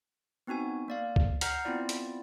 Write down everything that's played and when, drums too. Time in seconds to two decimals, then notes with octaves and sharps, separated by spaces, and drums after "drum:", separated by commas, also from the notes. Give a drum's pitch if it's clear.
0.47 B3 C4 D#4 F#4 G#5
0.88 A#3 D5 F5
1.16 drum: kick C#2
1.41 F#5 A#5 F6 G6 C7, drum: hi-hat
1.65 B3 C4 E4 F4 D5
1.89 drum: hi-hat